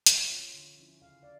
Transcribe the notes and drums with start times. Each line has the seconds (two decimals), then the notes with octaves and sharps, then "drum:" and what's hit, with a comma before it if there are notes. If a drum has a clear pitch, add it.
0.06 F3 C#5 E5, drum: hi-hat
0.31 C#4 F4
0.54 D3
0.79 F3 C#4 E4
1.02 C#3 F5
1.22 D5 F5